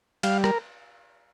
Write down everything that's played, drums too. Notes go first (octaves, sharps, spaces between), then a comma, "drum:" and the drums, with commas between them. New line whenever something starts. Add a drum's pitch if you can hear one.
G3 F5, drum: cymbal
A#4, drum: rim click